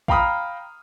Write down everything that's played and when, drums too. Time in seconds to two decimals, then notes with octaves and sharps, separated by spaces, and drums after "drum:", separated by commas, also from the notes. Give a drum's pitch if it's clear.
0.08 F5 G5 A#5 B5 D#6 F6, drum: kick